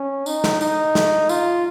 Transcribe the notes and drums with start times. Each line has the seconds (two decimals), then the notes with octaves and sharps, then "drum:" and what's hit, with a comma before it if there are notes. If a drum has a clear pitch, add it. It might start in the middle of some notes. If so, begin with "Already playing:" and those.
Already playing: C#4
0.26 D#4, drum: tambourine
0.44 drum: snare
0.61 D#4, drum: tambourine
0.95 drum: snare
1.29 F4, drum: tambourine